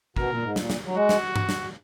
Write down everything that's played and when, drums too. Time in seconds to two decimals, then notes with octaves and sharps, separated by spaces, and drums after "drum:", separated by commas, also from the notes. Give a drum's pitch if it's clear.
0.16 B2 A#4, drum: kick
0.30 A#2
0.43 G#2
0.56 A#2, drum: snare
0.70 drum: snare
0.86 F#3
0.96 G#3 F#4
1.09 drum: snare
1.36 drum: tom G2
1.49 drum: snare